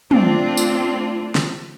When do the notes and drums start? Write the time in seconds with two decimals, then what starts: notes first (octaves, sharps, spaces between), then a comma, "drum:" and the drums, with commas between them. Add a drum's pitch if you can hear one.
0.11 A3 C4 D4 F4, drum: tom
0.57 drum: tambourine
1.35 drum: snare